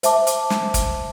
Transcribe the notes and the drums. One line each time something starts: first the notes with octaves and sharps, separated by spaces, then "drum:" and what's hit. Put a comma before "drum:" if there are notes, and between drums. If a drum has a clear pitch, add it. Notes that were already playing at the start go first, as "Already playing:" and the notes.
C5 E5 A5 D6, drum: hi-hat
drum: hi-hat
drum: snare
drum: kick, hi-hat